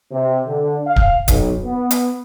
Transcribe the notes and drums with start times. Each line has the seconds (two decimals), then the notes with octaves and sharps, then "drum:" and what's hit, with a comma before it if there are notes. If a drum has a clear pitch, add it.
0.11 C3
0.45 D3
0.86 F5
0.96 drum: kick D1
1.28 B1, drum: kick D1, hi-hat
1.64 B3
1.91 drum: hi-hat